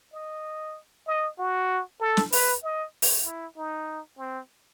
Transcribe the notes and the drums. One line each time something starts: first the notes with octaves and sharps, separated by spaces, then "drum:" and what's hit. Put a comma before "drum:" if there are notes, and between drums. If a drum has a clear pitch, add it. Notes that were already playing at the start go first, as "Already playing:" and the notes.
D#5
D#5
F#4
A4
drum: snare
B4, drum: open hi-hat
D#5
drum: open hi-hat
E4
D#4
C4